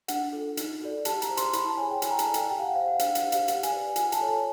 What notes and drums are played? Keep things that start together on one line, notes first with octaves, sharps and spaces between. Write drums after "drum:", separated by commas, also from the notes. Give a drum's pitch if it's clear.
D4 F#5, drum: hi-hat
F4 A4
D#4, drum: hi-hat
F#4 A4 D5
G4 A5, drum: hi-hat
A#5, drum: hi-hat
C5
C6, drum: hi-hat
E4 B5, drum: hi-hat
A5
G#4 C#5 G#5
G5
E4 G#5, drum: hi-hat
A#5
A5, drum: hi-hat
A4 D5
G5, drum: hi-hat
G4 G5
F5
F#5
C5 F5
F#5
D4 F5, drum: hi-hat
F#5, drum: hi-hat
G4 C5
F5, drum: hi-hat
G4 F#5, drum: hi-hat
G#5, drum: hi-hat
B4 D5
F4 G#5, drum: hi-hat
A5, drum: hi-hat
A4 C#5
A5